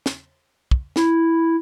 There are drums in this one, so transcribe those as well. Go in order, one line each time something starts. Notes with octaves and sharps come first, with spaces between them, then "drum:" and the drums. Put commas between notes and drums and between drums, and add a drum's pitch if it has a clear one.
drum: snare
drum: kick
E4, drum: snare